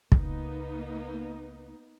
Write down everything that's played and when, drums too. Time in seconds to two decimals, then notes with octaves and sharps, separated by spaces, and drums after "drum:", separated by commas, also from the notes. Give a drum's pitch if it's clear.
0.12 C#2 A#3 B3 D#4, drum: kick